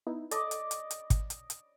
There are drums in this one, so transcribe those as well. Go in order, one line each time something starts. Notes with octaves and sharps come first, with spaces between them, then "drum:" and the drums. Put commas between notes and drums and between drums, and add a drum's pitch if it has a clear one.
B3 D#4 E4
A4 D5 D#5, drum: hi-hat
drum: hi-hat
drum: hi-hat
drum: hi-hat
drum: kick, hi-hat
drum: hi-hat
drum: hi-hat